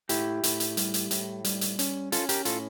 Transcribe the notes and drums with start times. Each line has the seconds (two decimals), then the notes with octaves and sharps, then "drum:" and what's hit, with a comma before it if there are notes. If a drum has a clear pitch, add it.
0.09 A2 E4 G4, drum: hi-hat
0.43 A2, drum: hi-hat
0.60 drum: hi-hat
0.77 G3, drum: hi-hat
0.94 drum: hi-hat
1.11 A2, drum: hi-hat
1.44 G3, drum: hi-hat
1.61 drum: hi-hat
1.79 C#4, drum: hi-hat
2.12 C#4 F4 A4, drum: hi-hat
2.29 G4 A#4, drum: hi-hat
2.45 A2 F4 A4, drum: hi-hat